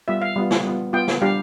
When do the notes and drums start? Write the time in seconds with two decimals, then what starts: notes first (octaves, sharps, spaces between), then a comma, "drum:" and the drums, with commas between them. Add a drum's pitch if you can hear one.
0.08 G3 B3 F4 E5
0.22 F5
0.36 G3 B3 F4
0.51 drum: snare
0.65 G3 B3 F4
0.93 G3 B3 F4 G5
1.08 drum: snare
1.21 G3 D4 G4 F5